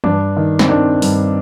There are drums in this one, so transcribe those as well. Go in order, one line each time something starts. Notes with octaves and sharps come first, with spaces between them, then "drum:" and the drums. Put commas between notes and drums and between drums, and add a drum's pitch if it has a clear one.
G2 D4, drum: tom E3
D#3
C4, drum: snare
D#3 D4
G2, drum: open hi-hat